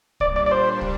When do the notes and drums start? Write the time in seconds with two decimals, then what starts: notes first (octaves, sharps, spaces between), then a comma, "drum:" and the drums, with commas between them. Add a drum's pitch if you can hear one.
0.20 A#2 G3 D4 D5, drum: kick
0.36 D5
0.46 D5
0.51 C5
0.81 drum: kick